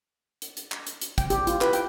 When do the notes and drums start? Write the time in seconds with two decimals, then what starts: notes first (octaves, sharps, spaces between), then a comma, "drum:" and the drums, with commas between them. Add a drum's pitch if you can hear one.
0.42 drum: hi-hat
0.57 drum: hi-hat
0.72 drum: clap
0.87 drum: hi-hat
1.01 drum: hi-hat
1.18 G5, drum: kick, hi-hat
1.30 G4, drum: hi-hat
1.47 F4, drum: hi-hat
1.61 B4, drum: clap
1.73 G5, drum: hi-hat